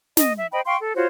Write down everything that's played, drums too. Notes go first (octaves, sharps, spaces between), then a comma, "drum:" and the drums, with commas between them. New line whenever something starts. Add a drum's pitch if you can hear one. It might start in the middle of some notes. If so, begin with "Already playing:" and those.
D#5, drum: snare
E5
C5 D#5 G5 B5
F5 G5 C6 C#6
A4
F4 F#4 C5 C#5